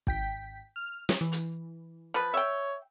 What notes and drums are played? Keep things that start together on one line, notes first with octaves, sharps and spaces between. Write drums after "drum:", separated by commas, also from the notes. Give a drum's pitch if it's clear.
G#1 G5 B6, drum: kick
F6
drum: snare
E3
drum: hi-hat
F3 B4
C#5 E5 G5